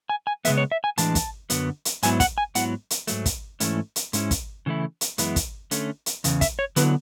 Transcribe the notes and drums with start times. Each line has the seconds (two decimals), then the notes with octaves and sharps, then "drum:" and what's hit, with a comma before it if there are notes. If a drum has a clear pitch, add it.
0.10 G#5
0.27 G#5
0.45 C#3 E3 G#3 B3 E5, drum: hi-hat
0.58 C#5
0.72 E5
0.84 G#5
0.98 A2 E3 G#3 D4 A5, drum: hi-hat
1.15 drum: kick, hi-hat
1.50 F#2 D3 F#3 B3, drum: hi-hat
1.85 drum: hi-hat
2.03 G#2 F#3 B3 E4 G#5, drum: hi-hat
2.20 F#5, drum: kick, hi-hat
2.38 G#5
2.55 G#2 F#3 B3 E4 F#5, drum: hi-hat
2.90 drum: hi-hat
3.07 G#2 F#3 A3, drum: hi-hat
3.26 drum: kick, hi-hat
3.60 G#2 E3 A3 C#4 E4, drum: hi-hat
3.96 drum: hi-hat
4.13 G#2 G#3 C#4 E4, drum: hi-hat
4.31 drum: kick, hi-hat
4.66 C#3 E3 A3 E4
5.01 drum: hi-hat
5.18 F#2 E3 G#3 B3 E4, drum: hi-hat
5.36 drum: kick, hi-hat
5.71 D3 A3 C#4, drum: hi-hat
6.06 drum: hi-hat
6.24 E2 C#3, drum: hi-hat
6.41 E5, drum: kick, hi-hat
6.59 C#5
6.76 D3 F#3 B3 E4 B4, drum: hi-hat